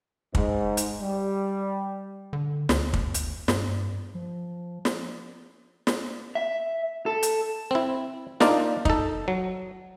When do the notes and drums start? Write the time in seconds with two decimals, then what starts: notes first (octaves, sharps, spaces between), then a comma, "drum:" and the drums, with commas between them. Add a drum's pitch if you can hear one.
0.35 G#2, drum: kick
0.77 drum: hi-hat
1.02 G3
2.33 D3
2.69 D2, drum: snare
2.94 drum: kick
3.14 drum: hi-hat
3.48 G2, drum: snare
4.14 F3
4.85 drum: snare
5.87 drum: snare
6.35 E5
7.06 A4
7.23 drum: hi-hat
7.71 C4 E4
8.40 A#3 D4 D#4 F4 D5, drum: snare
8.85 D#4 A4, drum: kick
9.28 F#3